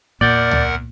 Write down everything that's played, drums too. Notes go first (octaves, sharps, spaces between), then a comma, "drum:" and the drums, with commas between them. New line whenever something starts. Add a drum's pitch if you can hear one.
E2 A#2 A#4 D5 F#5 G6 A6, drum: kick
drum: tom C#2